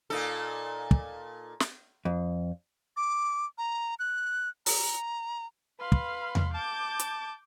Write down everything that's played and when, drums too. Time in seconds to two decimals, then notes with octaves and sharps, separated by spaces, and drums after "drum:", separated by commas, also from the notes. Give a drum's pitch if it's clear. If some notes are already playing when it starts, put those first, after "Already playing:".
0.10 A#2 D#4 A4
0.91 drum: kick
1.60 drum: snare
2.05 F2
2.97 D6
3.58 A#5
3.99 F#6
4.66 A#5, drum: open hi-hat
5.79 B4 F5 B5 C6
5.92 drum: kick
6.35 drum: tom E2
6.54 A5 D6 G6
6.99 drum: hi-hat